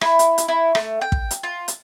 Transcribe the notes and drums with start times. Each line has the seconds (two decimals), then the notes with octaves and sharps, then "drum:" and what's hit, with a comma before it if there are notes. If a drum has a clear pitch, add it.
0.01 E4, drum: rim click
0.19 drum: hi-hat
0.38 drum: hi-hat
0.48 E4
0.75 A3, drum: rim click
1.01 G5
1.12 drum: kick
1.31 drum: hi-hat
1.43 F4
1.68 drum: hi-hat